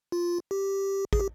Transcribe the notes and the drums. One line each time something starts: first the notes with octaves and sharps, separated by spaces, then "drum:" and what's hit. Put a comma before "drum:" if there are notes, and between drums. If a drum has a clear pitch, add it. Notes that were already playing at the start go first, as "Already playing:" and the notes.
F4
G4
G#4, drum: kick
G4